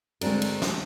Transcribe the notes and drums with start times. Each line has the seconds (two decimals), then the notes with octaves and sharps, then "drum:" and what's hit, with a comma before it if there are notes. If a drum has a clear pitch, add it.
0.21 D2 G#3 C4 D4 A#4, drum: cymbal
0.42 drum: cymbal
0.62 drum: snare